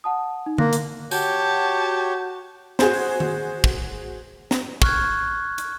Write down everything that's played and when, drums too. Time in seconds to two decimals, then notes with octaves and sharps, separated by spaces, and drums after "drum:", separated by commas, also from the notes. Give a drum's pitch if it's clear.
0.04 F#5 A5 D#6
0.46 D#4
0.58 A#3 C6 F#6 A#6, drum: tom D3
0.73 drum: hi-hat
1.11 F#4 G4 C#5 A5 G6, drum: tambourine
2.79 F#4 G#4 C5, drum: snare
2.93 drum: open hi-hat
3.20 drum: tom D#3
3.64 drum: kick
4.51 drum: snare
4.82 C#6 F6 F#6 G#6, drum: kick
5.58 drum: hi-hat